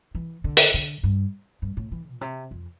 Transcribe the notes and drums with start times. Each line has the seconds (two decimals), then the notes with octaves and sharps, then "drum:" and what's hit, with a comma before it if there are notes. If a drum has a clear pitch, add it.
0.15 E3
0.44 D3
0.57 drum: open hi-hat
0.74 D3
1.03 G2
1.62 G2
1.77 A2
1.92 E3
2.10 A#2
2.21 C3
2.51 F2